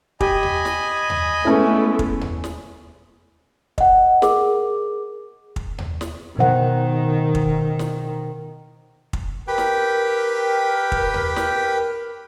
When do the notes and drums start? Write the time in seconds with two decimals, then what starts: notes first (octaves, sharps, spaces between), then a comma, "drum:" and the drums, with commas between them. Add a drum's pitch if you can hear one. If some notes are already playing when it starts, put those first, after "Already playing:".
0.20 G4 D#5 G#5 B5, drum: kick
0.43 drum: tom D#2
0.65 drum: snare
1.10 drum: tom D#2
1.45 G#3 A3 B3 C#4 E4
1.99 drum: kick
2.21 drum: tom D#2
2.44 drum: snare
3.78 D#5 F#5, drum: kick
4.22 G#4 A#4 D6, drum: snare
5.56 drum: kick
5.78 drum: tom D#2
6.01 drum: snare
6.38 B2 D#3 C5 F#5
7.35 drum: kick
7.79 drum: snare
9.13 drum: kick
9.48 G4 A#4 B4 G5
9.58 drum: snare
10.92 drum: kick
11.14 drum: tom D#2
11.36 drum: snare